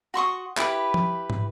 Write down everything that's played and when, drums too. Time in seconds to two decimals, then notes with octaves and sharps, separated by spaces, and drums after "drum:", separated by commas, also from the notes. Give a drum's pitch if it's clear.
0.14 F#4 C6 C#6 D#6
0.58 E4 G4 B4, drum: clap
0.94 drum: tom F3
1.30 drum: tom